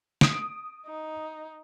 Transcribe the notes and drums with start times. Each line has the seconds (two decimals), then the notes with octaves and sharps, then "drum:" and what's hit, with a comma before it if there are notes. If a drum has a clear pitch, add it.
0.21 D#6 D7, drum: snare
0.86 D#4